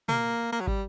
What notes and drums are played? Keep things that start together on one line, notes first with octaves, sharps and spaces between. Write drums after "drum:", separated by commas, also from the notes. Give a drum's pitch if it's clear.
A#3, drum: tom
A#3
F#3
G3, drum: kick